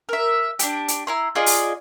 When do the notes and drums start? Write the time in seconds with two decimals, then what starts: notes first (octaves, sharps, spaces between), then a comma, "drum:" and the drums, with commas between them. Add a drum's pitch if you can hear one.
0.09 A#4 E5
0.59 D4 G4, drum: hi-hat
0.88 drum: hi-hat
1.07 E4 A#5 C6
1.35 F4 G#4 D5 D#5
1.46 drum: open hi-hat